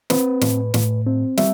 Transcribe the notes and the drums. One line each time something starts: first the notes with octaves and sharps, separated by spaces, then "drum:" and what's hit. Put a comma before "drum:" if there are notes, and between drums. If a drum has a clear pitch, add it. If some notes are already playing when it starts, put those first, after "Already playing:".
C4 B4, drum: snare
A2, drum: snare
A2, drum: snare
C4
G3 E5, drum: snare